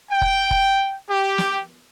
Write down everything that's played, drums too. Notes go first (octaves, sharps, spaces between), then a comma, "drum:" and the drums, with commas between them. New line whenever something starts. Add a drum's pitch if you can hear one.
G5
drum: kick F1
drum: kick F1
G4
drum: snare